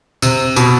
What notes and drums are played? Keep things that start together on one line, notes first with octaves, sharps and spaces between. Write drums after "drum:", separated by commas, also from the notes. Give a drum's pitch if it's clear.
C3, drum: tambourine
B2, drum: tambourine